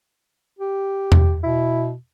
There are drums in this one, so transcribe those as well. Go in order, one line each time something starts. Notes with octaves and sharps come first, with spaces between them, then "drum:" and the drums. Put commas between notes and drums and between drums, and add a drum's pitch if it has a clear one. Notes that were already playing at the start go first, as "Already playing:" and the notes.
G4
drum: tom E2
B2 E4